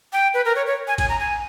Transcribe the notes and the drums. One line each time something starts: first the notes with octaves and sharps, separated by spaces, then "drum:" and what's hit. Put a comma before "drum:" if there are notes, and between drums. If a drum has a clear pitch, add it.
G5
B4
A#4
C#5
C#5
G#5
G#5, drum: kick, cymbal
A#5
G#5